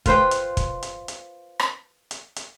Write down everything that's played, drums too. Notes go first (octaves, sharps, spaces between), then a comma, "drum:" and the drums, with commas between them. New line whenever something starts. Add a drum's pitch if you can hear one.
F4 B4 C5 G5, drum: kick, hi-hat
drum: hi-hat
drum: kick, hi-hat
drum: hi-hat
drum: hi-hat
drum: rim click
drum: hi-hat
drum: hi-hat